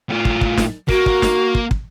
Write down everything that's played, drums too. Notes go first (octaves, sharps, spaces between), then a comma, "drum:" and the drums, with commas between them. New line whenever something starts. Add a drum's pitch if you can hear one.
A2 F4
drum: kick
drum: kick
drum: snare
A#3 F#4, drum: kick
drum: kick
drum: snare
drum: kick
drum: kick